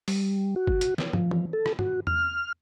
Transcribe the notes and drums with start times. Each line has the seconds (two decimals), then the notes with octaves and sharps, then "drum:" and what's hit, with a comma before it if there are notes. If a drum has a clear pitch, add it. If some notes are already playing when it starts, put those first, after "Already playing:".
0.08 G3, drum: open hi-hat
0.56 F#4
0.67 drum: kick G1
0.81 drum: hi-hat
0.98 drum: snare
1.13 F3, drum: tom
1.31 drum: tom E3
1.53 A4
1.66 drum: rim click
1.79 F#4, drum: tom
2.07 F6, drum: tom E2